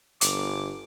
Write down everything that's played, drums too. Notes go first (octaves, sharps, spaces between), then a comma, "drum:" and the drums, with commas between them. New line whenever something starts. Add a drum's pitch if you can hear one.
G1 D6, drum: hi-hat